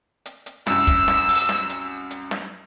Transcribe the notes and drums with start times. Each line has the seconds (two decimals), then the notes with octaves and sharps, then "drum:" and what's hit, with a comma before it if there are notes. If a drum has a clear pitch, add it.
0.26 drum: hi-hat
0.46 drum: hi-hat
0.67 C2 F#2 E6, drum: snare
0.87 drum: kick, hi-hat
1.08 drum: snare
1.28 drum: open hi-hat
1.49 drum: snare
1.69 drum: hi-hat
2.11 drum: hi-hat
2.31 drum: snare